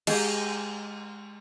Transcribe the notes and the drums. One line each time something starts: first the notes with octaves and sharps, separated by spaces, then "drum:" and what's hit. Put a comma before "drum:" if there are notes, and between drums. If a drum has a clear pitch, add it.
G#3 G4 G#4 D#5, drum: cymbal